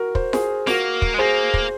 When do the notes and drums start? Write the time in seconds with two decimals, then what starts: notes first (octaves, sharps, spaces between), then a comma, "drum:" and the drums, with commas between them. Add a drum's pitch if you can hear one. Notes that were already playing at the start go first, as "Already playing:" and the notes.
Already playing: F#4 A#4
0.15 C5, drum: kick
0.33 G#4 C5, drum: snare F4
0.67 A#3 F#4 A#4, drum: snare F4
1.02 drum: kick
1.14 G#3
1.19 A#3 G#4 C5
1.54 drum: kick